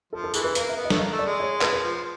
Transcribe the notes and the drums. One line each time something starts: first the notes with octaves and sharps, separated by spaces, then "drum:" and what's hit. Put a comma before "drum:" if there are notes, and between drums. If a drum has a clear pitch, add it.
F3 A4
A4
E3 G#4, drum: tambourine
B4
A#3 B4, drum: hi-hat
E5
B3
D#5
A3, drum: snare
A#3 D#5
A3
D5
G#3
C#5
B4, drum: clap
B4
F3